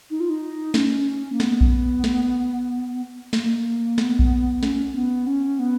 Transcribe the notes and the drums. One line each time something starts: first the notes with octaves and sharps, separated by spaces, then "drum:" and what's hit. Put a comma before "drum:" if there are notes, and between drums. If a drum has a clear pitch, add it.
D#4
F4
D#4
C#4, drum: snare
A#3
B3, drum: snare
drum: kick A#1
drum: snare
A#3, drum: snare
B3, drum: snare
drum: kick A#1
C#4, drum: snare
B3
C#4
B3